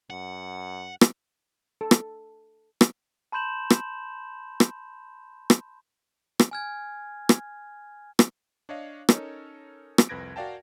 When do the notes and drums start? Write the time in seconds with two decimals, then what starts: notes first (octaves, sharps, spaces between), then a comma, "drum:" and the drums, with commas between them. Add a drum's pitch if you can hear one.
0.10 F#2 F#5
1.01 drum: rim click
1.81 A4
1.91 drum: rim click
2.81 drum: rim click
3.32 A5 B5 C6 G6 E7 F#7
3.70 drum: rim click
4.60 drum: rim click
5.50 drum: rim click
6.39 drum: rim click
6.51 G#5 F6 G#6
7.29 drum: rim click
8.19 drum: rim click
8.69 D4 C#5 D#5 F5
9.09 C#4 D#4 A4 A#4 C#5, drum: rim click
9.98 drum: rim click
10.09 C2 F2 B4 G#6 A#6 D7
10.36 F#4 A#4 D5 F5 G5 A5